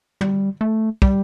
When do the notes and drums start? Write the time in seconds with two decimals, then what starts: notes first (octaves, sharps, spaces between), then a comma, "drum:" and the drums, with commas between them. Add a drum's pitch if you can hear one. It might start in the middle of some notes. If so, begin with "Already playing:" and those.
0.21 G3, drum: tom
0.61 A3
1.02 G3, drum: kick